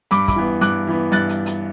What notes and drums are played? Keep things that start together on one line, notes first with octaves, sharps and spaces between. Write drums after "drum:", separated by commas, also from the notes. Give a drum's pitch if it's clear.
G2 B5 D6, drum: hi-hat
B5 D6, drum: kick, hi-hat
E3 B3
G2 D6 F#6, drum: hi-hat
E3 B3
G2 F#6 A6, drum: hi-hat
drum: hi-hat
drum: hi-hat